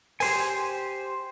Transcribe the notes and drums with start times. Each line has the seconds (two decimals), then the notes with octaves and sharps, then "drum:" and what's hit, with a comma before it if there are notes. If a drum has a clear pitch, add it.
0.20 G4 C5 G#5, drum: open hi-hat